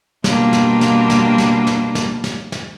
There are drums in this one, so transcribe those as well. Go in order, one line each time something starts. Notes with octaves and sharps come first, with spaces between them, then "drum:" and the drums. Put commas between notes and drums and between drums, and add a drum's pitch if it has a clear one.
B2 G3 A#3 D4 F4, drum: snare
drum: snare
drum: snare
drum: snare
drum: snare
drum: snare
drum: snare
drum: snare
drum: snare